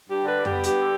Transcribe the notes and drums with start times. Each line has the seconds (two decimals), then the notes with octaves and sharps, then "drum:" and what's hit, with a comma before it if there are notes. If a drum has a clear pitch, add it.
0.09 G2 G4
0.23 D3 B4
0.36 G3
0.45 G4, drum: tom F2
0.51 B3
0.63 G2 G4, drum: hi-hat
0.78 D3